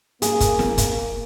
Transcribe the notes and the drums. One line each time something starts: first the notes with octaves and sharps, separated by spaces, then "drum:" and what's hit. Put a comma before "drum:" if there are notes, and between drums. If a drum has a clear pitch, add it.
A#3 G#4, drum: hi-hat
drum: kick, hi-hat
drum: snare
drum: kick, hi-hat